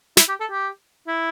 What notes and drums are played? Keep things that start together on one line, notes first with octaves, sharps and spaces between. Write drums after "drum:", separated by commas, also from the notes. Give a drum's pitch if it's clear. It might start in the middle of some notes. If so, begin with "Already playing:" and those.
E4, drum: snare
G4
A4
G4
E4